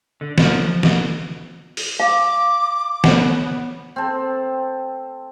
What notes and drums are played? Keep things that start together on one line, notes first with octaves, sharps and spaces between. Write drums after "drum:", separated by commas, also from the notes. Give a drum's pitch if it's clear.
D3
F3, drum: snare
drum: snare
drum: open hi-hat
F5 D6
B3 C#5 F#5, drum: snare
C4 A4